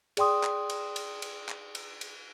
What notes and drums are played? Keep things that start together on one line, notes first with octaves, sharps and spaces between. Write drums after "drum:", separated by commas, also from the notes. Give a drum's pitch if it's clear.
G#4 D5 G5 C6 D#6, drum: cymbal
drum: clap
drum: cymbal
drum: cymbal
drum: cymbal
drum: clap
drum: cymbal
drum: cymbal